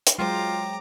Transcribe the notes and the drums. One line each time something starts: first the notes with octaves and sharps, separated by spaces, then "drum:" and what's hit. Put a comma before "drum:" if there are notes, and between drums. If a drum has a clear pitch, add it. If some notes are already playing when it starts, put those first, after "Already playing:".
drum: hi-hat
F#3 G#3 F4 C5 G5 A#5 D6